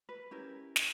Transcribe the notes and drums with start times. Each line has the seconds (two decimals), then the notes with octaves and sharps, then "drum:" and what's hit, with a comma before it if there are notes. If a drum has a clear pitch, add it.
0.09 B4
0.31 C#4 E4 G4 A#4
0.76 drum: snare